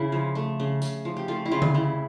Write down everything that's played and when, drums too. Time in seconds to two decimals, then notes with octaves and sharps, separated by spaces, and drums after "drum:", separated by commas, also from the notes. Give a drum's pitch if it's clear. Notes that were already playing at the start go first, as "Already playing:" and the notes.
Already playing: C#3 E4
0.12 F3
0.35 A3
0.60 C#3
0.82 C#3, drum: tambourine
1.05 F3
1.17 G4
1.28 A3 F4
1.45 E4
1.52 C#3 F4
1.62 drum: tom D3
1.74 C#3 E4